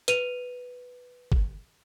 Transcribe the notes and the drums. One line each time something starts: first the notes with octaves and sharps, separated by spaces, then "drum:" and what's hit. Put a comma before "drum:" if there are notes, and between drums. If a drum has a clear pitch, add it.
B4 D#7 F7, drum: hi-hat
drum: kick